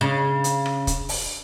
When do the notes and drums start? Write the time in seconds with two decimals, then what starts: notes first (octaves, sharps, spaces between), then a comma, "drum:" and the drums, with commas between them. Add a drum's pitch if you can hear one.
0.01 C#3
0.44 drum: hi-hat
0.66 drum: rim click
0.87 drum: kick, hi-hat
1.09 drum: open hi-hat